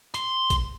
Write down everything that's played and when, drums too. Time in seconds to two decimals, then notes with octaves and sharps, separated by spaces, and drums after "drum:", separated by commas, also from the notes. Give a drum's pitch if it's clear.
0.14 C6, drum: hi-hat
0.50 drum: kick, hi-hat